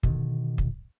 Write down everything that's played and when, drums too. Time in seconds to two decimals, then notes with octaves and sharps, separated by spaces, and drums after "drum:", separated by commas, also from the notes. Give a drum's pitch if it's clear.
0.03 B2 D3 D#3, drum: kick
0.58 drum: kick